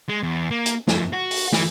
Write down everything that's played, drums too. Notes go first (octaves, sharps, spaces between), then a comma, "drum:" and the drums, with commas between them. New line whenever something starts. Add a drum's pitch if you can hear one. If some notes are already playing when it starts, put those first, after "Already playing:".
G#3
E2
A#3
drum: hi-hat
F2, drum: snare
F#4
drum: open hi-hat
E3, drum: snare